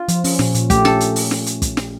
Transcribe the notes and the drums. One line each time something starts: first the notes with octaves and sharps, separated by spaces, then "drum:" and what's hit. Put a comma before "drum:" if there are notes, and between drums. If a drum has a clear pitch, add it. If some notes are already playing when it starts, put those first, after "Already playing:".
Already playing: F4
F3, drum: hi-hat
C#4, drum: open hi-hat
A#2, drum: snare
A#2, drum: hi-hat
A3 G4, drum: kick, hi-hat
C#4 A4, drum: snare
drum: hi-hat
drum: open hi-hat
drum: snare
drum: hi-hat
drum: kick, hi-hat
drum: snare